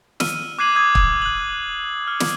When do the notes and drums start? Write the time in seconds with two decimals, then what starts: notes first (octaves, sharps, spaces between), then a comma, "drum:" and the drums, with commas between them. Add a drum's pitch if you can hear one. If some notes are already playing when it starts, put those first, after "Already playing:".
0.20 E6 F6 D#7, drum: snare
0.59 D6 F#6 G#6 C7 D#7 F#7
0.75 D6 D#6 G#6
0.95 drum: kick
1.22 F#6 F#7
2.07 F6
2.20 drum: snare